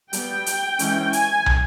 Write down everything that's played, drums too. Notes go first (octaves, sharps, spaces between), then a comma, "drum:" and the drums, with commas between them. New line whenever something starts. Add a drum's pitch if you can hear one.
G3 B3 G5, drum: hi-hat
drum: hi-hat
E3 G#3 C#4, drum: hi-hat
G#5, drum: hi-hat
drum: tom